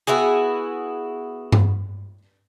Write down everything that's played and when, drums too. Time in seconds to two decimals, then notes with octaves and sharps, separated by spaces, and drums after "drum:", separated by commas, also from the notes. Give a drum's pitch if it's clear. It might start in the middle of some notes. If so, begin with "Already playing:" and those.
0.07 B3 E4 F#4 G#4
1.52 drum: tom G2